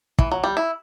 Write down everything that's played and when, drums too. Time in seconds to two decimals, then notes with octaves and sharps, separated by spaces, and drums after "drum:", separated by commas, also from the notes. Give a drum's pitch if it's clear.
0.19 E3, drum: kick
0.32 F#3
0.44 G3
0.57 E4